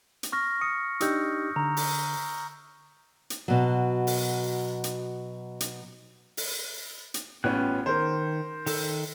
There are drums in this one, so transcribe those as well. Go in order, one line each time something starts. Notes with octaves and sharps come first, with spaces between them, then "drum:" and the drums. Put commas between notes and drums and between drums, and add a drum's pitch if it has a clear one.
drum: hi-hat
C#6 F6 A#6
D#6 C#7
D4 D#4 G4 D#6 E6 G6, drum: hi-hat
D3 A#5
drum: open hi-hat
drum: hi-hat
B2 F#3
drum: open hi-hat
drum: hi-hat
drum: hi-hat
drum: open hi-hat
drum: hi-hat
A1 B3 C#4 F4 G5 F#6
D#3 A#4 C5
D#3 A4 E6, drum: open hi-hat